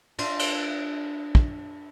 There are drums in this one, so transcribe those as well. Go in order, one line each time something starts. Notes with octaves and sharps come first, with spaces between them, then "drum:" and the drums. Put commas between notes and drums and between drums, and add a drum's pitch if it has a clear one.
D4 F4, drum: cymbal
drum: cymbal
drum: kick